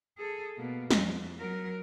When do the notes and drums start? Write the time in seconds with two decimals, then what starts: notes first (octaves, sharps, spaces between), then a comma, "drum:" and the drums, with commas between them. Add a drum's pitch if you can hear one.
0.18 G#4 A4
0.57 B2 A#3
0.91 F2, drum: snare
1.39 F#3 A#4